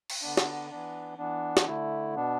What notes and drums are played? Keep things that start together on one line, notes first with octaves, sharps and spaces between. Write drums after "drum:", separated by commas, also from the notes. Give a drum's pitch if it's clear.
drum: cymbal
D3 B3 D4
drum: snare
E3 B3 D4
E3 B3 D4
drum: snare
D3 A3 E4
B2 B3 D4